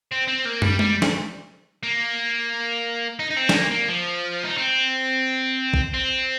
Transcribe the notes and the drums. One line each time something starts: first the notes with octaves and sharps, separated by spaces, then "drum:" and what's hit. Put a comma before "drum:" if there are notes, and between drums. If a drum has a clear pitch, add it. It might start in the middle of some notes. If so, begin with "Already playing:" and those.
C4
C4
A#3
G3, drum: tom
G3, drum: tom G#3
drum: snare
A#3
D#4
D#4
C4
G3, drum: snare
A#3
A#3
F3
D#4
C4
drum: kick
C4